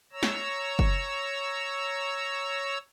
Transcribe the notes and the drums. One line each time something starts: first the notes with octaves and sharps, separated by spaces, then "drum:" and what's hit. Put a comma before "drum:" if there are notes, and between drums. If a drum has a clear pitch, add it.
C#5 A#5 E6
drum: snare
drum: kick F#1